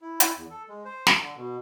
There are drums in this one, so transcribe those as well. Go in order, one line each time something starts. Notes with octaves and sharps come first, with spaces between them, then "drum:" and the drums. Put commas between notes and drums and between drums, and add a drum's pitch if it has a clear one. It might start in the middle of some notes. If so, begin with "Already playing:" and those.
E4
E4, drum: hi-hat
E2
A4
G#3
C5
A#5, drum: snare
D3
B2